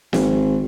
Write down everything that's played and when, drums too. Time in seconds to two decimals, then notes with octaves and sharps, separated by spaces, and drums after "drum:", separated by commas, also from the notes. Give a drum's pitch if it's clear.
0.13 G#1, drum: snare